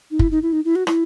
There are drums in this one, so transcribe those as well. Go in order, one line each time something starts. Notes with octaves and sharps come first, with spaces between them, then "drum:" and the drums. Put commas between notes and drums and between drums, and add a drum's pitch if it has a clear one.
D#4
E4, drum: kick
D#4
E4
D#4
E4
F#4
E4, drum: rim click